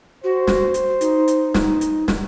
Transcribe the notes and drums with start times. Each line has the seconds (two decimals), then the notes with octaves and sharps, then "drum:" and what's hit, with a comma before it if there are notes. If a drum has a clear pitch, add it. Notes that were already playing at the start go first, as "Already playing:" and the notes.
0.24 F#4 C5
0.47 drum: snare
0.74 drum: hi-hat
1.01 D#4, drum: hi-hat
1.28 drum: hi-hat
1.54 drum: snare
1.81 drum: hi-hat
2.08 drum: snare